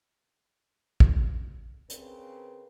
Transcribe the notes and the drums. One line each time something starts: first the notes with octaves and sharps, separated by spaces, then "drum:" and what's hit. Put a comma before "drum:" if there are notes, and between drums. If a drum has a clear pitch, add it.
drum: kick
C#3 C4 A#4 B4, drum: hi-hat